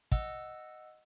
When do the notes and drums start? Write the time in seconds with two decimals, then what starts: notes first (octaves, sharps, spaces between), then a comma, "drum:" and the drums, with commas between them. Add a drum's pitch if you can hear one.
0.12 D#5 F#5 E6, drum: kick